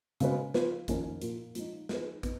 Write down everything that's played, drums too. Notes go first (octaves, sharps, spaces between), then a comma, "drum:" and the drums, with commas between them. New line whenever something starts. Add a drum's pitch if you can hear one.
C#3 G#3 B3 F#4 B4, drum: hi-hat
F3 B3 F4 B4, drum: snare
F2 D#3 A#3 C#4, drum: kick, hi-hat
A#2 F3 A#3 F4, drum: hi-hat
F3 G#3 D#4, drum: hi-hat
F3 B3 D#4 G#4 B4, drum: snare
B3 D#4, drum: kick, hi-hat